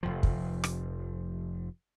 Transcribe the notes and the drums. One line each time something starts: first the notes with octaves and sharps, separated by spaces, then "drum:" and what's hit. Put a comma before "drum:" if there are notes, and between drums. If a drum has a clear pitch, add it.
F1 B1 F3
drum: kick
drum: rim click